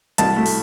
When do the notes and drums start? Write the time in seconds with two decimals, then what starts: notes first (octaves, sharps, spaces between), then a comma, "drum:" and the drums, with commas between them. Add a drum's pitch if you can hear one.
0.18 C2 A5, drum: hi-hat
0.36 A3
0.46 drum: open hi-hat